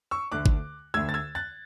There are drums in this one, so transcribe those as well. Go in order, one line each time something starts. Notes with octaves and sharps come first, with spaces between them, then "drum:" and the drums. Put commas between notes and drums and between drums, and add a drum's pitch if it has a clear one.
C#6 E6
D2 D3 A3 D6 F#6
drum: kick G#1
D2 D3 A3 E6 G#6
A6
E6 G#6
F#6 A6